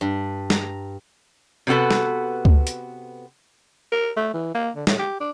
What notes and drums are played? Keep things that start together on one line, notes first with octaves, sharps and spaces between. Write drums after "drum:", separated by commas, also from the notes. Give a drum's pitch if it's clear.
G2
A#5, drum: snare
C3 B3 F#4 A4 B4
drum: snare
drum: kick C#2
drum: hi-hat
A#4
A3
E3
A#3
D3
A2, drum: snare
G4
D4